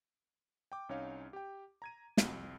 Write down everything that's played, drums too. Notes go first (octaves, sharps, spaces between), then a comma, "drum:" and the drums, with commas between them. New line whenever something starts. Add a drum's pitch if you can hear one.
G5 D6
C2 C#4 D#4 C#5 F5
G4 G5
A#5 G#6 D#7
C2 F2, drum: snare